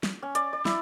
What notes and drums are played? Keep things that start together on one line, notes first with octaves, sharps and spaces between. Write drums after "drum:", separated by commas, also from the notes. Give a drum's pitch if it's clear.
drum: snare
C#4
D5, drum: hi-hat
D5
E4, drum: snare